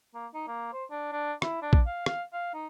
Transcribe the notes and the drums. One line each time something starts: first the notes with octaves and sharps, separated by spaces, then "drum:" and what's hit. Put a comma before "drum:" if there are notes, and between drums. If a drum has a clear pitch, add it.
A#3
D#4
A#3
C5
D4
D4
E4, drum: rim click
D4
drum: kick
F5
F5, drum: rim click
F5
D#4